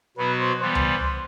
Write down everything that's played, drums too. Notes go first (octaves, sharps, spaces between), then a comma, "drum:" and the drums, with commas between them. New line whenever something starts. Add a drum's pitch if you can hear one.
B2 F#3 B3 F#4 B4
C5
E3 G3 B3 C5
drum: tom C#2